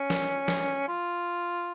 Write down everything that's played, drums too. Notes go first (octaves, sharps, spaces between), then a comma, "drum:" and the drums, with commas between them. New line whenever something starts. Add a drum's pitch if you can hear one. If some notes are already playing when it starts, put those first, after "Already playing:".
Already playing: C#4
drum: snare
drum: snare
F4